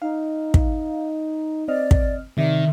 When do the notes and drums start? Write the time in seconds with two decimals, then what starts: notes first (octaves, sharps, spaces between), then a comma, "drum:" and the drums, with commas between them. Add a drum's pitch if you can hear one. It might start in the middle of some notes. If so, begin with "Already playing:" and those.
0.02 D#4 F5
0.54 drum: kick
1.68 C4 D5 D#5 F6
1.91 drum: kick
2.38 C3 D#3 D5 E5